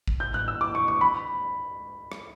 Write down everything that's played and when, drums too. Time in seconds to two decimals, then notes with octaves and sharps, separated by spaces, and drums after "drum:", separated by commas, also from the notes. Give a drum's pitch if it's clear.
0.08 drum: kick G#1
0.20 G6
0.34 F#6, drum: tom A2
0.48 E6
0.61 D6
0.75 C#6
0.88 C#6
1.01 B5
2.12 drum: rim click